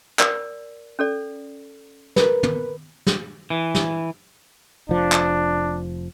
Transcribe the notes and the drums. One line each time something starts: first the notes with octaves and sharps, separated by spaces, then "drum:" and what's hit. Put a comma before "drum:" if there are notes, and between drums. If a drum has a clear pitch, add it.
A#4 D5, drum: clap
C#4 A4 D5
A#4 B4, drum: snare
drum: tom
drum: snare
E3
drum: snare
F1 F3 D4
drum: clap